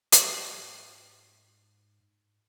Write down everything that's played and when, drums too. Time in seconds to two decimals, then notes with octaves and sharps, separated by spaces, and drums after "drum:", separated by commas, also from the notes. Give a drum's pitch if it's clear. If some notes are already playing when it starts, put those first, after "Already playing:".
0.12 G#2 G4 D#5, drum: hi-hat